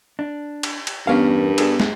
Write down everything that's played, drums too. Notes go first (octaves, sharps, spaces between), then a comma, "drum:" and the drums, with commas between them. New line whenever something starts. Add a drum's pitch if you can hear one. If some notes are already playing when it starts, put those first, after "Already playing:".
D4
drum: cymbal
drum: cymbal
E2 G2 B3 C#4 A#4 F5
D4 G#4 A4, drum: cymbal
G#3, drum: snare